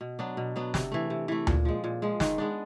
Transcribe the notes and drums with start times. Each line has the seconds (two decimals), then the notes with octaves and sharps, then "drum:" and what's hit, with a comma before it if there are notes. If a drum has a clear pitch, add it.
0.01 B2
0.19 F#3 B3 D4
0.37 B2
0.56 F#3 B3 D4
0.74 C3, drum: snare
0.92 E3 A3
1.10 C3
1.28 E3 A3
1.47 A#2, drum: tom D2
1.65 F3 G#3
1.84 A#2
2.02 F3 G#3
2.20 D#3, drum: snare
2.38 G#3 B3 D4